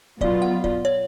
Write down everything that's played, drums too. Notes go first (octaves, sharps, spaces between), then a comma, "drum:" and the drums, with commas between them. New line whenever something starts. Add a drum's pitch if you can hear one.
B2 F#3 B3 F4 D5, drum: kick
F#5
D5, drum: kick
C#5